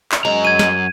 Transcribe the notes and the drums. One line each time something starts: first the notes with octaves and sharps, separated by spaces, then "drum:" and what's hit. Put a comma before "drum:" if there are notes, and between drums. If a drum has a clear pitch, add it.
drum: clap
F#2 G#3 A#5
G#6 D#7
drum: snare